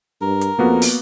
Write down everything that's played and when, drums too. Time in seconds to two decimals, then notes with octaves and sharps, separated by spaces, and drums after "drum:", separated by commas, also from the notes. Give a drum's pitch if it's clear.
0.21 G2 A#4
0.41 drum: hi-hat
0.59 F2 A#3 B3 F#4
0.82 drum: open hi-hat